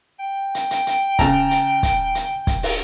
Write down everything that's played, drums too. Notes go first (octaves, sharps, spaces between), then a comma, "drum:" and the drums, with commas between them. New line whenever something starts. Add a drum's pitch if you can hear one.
G5
drum: hi-hat
drum: hi-hat
drum: hi-hat
C#3 A5 A#5, drum: kick, hi-hat
drum: hi-hat
drum: kick, hi-hat
drum: hi-hat
drum: kick, hi-hat
drum: open hi-hat